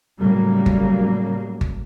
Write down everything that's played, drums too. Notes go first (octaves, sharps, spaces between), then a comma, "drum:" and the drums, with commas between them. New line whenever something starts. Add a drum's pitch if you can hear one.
A2 C#3 F#3 G3 A#3
drum: kick G1
drum: kick G1